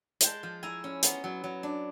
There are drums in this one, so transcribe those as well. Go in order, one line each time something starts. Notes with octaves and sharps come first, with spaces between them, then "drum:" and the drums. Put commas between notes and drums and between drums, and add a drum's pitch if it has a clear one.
G#3 G5 A5, drum: hi-hat
F3
E4 G#5 A#5
C#4
B3 A#5 C6, drum: hi-hat
F#3
F#3
D4